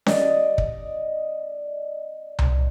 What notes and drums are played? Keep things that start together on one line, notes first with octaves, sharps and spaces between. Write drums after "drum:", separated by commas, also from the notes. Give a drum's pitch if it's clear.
D5 D#5, drum: snare C#4
drum: kick
drum: tom C2